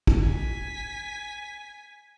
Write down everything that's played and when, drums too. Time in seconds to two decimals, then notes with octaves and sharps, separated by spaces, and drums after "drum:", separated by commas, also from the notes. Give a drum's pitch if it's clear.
0.07 drum: kick
0.21 G#5 B6